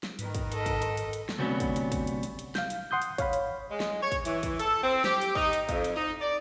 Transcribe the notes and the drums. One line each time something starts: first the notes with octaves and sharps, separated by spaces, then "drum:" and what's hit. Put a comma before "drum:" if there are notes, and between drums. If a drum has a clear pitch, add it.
drum: snare
G#2 D#3 A#4 B4, drum: hi-hat
drum: kick, hi-hat
A4 D#5, drum: hi-hat
drum: kick, hi-hat
drum: hi-hat
drum: hi-hat
drum: hi-hat
drum: snare
D2 C3 F#3 G3 B3 C#4
drum: kick, hi-hat
drum: hi-hat
drum: kick, hi-hat
drum: hi-hat
drum: hi-hat
drum: hi-hat
F5 G6, drum: snare
drum: hi-hat
F#5 C6 D#6 G6
drum: hi-hat
C#5 F5 B5, drum: kick, hi-hat
drum: hi-hat
G#3
drum: snare
C#5
drum: kick, hi-hat
E3, drum: hi-hat
drum: kick, hi-hat
A4, drum: hi-hat
C4
G4, drum: snare
drum: hi-hat
D#4, drum: kick
drum: hi-hat
F2, drum: kick, hi-hat
drum: hi-hat
D#4
D5